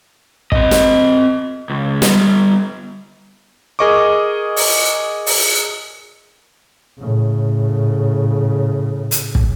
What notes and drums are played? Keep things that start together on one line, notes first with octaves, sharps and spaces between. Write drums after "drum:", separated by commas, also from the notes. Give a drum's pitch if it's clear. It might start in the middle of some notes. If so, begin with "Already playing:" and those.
C4 D#5, drum: kick
drum: snare
C#2
G3 B3, drum: snare
G#4 A#4 D#5 C#6 D6
drum: open hi-hat
drum: open hi-hat
A2 C#3
drum: hi-hat
drum: kick